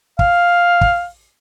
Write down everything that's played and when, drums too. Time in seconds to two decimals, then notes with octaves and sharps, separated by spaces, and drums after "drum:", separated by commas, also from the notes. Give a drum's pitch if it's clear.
0.19 F5, drum: kick
0.81 drum: kick